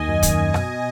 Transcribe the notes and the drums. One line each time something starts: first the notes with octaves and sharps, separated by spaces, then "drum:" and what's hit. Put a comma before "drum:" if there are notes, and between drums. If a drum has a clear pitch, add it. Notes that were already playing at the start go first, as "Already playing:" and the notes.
Already playing: D#2 D#3 D#5 G#5
F#2
D#3 D#5 G#5, drum: kick, hi-hat
F#2
B2, drum: rim click